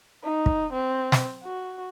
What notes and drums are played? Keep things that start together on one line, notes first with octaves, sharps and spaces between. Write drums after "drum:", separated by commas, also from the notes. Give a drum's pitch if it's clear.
D#4
drum: kick
C4
drum: snare
F#4